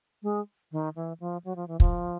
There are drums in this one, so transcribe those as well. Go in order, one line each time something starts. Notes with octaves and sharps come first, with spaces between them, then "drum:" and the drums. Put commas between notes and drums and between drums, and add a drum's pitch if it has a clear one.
G#3
D#3
E3
F3
F#3
F3
E3
F3, drum: kick